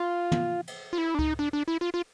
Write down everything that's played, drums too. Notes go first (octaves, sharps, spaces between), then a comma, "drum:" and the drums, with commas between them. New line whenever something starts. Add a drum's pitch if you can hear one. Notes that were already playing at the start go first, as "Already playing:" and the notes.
Already playing: F4
drum: tom
drum: cymbal
F4
E4
D4
D#4, drum: kick C#2
D4
D4
E4
F4
F4